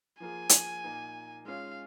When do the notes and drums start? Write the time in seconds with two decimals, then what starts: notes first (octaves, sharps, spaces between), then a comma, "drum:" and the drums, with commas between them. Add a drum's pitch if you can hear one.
0.20 F3 A#3 F4 G#4 G#5
0.49 drum: hi-hat
0.84 A#2 A#3 D#4
1.45 G#3 C#4 F4 F5